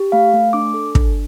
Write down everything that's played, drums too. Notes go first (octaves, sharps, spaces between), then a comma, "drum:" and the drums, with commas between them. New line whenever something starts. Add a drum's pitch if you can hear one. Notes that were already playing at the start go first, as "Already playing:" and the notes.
Already playing: G4
A3 F5
A3
D4 D6
A4
D4, drum: kick